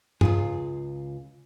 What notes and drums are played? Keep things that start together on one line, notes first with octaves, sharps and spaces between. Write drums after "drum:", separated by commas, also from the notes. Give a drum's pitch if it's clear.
C#2 F4 G#4, drum: tom G2